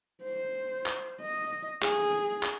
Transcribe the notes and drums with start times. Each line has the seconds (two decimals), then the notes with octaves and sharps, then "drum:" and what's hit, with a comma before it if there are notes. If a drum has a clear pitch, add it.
0.23 C5
0.86 drum: clap
1.22 D#5
1.82 G#4, drum: clap
2.43 drum: clap